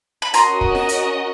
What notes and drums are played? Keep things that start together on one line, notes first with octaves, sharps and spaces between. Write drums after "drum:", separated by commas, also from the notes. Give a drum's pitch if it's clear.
B5
C#4 F#4 A#4 D#5 A#5 C6, drum: hi-hat
drum: kick
drum: snare F4
drum: hi-hat